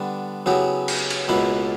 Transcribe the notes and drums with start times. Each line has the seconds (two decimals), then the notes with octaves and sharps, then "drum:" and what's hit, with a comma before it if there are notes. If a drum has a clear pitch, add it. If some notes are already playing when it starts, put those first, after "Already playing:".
Already playing: D3 G3 B3 D4
0.46 C#3 F#3 B3 E4 G4
0.88 drum: cymbal
1.10 drum: cymbal
1.28 C#2 B2 A#3 E4 B4